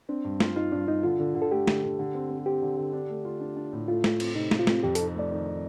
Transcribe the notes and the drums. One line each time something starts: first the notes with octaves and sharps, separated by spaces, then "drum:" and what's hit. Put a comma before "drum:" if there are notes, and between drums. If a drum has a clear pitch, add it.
C4 D4
G2
F4, drum: snare
D#4 F4
G2 D4
G2 D#4
D3 F4
D3
D3
A4
A3 G4
D3, drum: snare
D3
D3
C4
C4
C4 G4
D3
D3
D4
A3
F4
D4
D4
A2
A3 F4
A3, drum: snare
C4, drum: cymbal
C3 D#4
C4, drum: snare
F4
C3, drum: snare
F2 G4
D#4 A4, drum: hi-hat
A3 D5
D#3
D#3